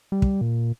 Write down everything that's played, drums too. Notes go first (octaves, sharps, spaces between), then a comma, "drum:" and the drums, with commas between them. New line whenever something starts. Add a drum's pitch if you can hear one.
G3
drum: kick
A#2